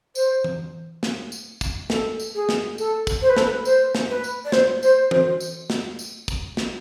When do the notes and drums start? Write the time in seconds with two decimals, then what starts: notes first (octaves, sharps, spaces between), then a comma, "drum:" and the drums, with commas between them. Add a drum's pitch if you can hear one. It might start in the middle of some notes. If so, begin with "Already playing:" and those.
0.15 C5, drum: tambourine
0.44 drum: tom E3
1.03 drum: snare
1.32 drum: tambourine
1.61 drum: kick, tambourine
1.90 A4, drum: snare
2.19 drum: tambourine
2.35 G#4
2.49 drum: snare
2.78 A4, drum: tambourine
3.07 drum: kick, tambourine
3.22 C5
3.29 B4
3.36 A4, drum: snare
3.44 B4
3.65 C5, drum: tambourine
3.95 drum: snare
4.09 B4
4.24 drum: tambourine
4.45 D5
4.52 C5, drum: snare
4.83 C5, drum: tambourine
5.11 C5, drum: tom E3
5.40 drum: tambourine
5.70 drum: snare
5.99 drum: tambourine
6.28 drum: kick, tambourine
6.57 drum: snare